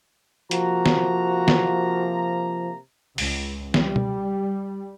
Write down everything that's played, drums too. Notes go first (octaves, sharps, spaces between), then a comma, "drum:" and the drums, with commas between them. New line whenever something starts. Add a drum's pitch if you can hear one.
C3 F3 A#3 F#4 A#5, drum: hi-hat
drum: snare
drum: snare
C#2, drum: open hi-hat
G3, drum: snare
drum: tom B2